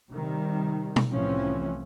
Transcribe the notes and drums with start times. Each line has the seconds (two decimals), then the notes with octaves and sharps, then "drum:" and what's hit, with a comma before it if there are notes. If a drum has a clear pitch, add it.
0.11 C3 D#3 G3
0.96 drum: tom
1.11 C2 A2 E3 F3 C4 C#4